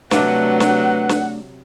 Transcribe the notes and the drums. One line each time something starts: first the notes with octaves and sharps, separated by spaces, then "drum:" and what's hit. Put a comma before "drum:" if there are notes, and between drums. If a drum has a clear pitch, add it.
C3 F#3 A3 D4 B4 F5 F#5, drum: snare
drum: snare
drum: snare